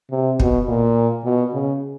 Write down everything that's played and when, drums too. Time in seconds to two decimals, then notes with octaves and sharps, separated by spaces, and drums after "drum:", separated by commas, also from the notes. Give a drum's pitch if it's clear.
0.10 C3
0.40 B2, drum: kick
0.68 A#2
1.24 B2
1.53 C#3